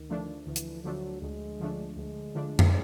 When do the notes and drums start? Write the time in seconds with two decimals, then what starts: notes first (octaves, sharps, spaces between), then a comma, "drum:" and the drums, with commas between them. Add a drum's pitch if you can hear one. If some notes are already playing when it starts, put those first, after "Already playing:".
Already playing: D2 D#3
0.09 D3 F3 A3 D4
0.46 D2 E3
0.56 drum: hi-hat
0.84 D3 F3 F#3 A3 D4
1.22 D2 G#3
1.60 D3 F3 A3 D4
1.97 D2 G#3
2.35 D3 F3 A3 D4
2.59 drum: tom F2